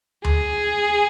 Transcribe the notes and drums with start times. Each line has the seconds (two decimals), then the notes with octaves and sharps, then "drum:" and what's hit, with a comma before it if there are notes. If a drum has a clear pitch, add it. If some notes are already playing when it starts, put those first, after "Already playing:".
0.24 G#4, drum: tom D2